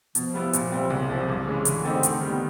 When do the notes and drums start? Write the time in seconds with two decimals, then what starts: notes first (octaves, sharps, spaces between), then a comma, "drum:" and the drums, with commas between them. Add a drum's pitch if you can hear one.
0.15 B2 F3, drum: hi-hat
0.34 G3 B3 E4
0.53 A#2, drum: hi-hat
0.72 G3 C4 E4
0.90 C2 C#3
1.09 C3 F3
1.28 G2
1.47 E3 G#3 C#4
1.65 D3 E3, drum: hi-hat
1.84 A3 C4 D#4 G4
2.03 D#3, drum: hi-hat
2.22 G3 B3